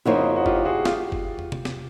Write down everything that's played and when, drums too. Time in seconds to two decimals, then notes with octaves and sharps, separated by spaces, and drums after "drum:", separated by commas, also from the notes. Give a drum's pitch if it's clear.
0.05 F2 C#3 F3 A#3 D#4 E4 F#4
0.36 F#4
0.46 F4 G4, drum: kick F#1
0.65 F#4 G#4
0.85 F4 G4, drum: snare
1.12 drum: kick F#1
1.39 drum: tom
1.52 drum: tom C3
1.65 drum: snare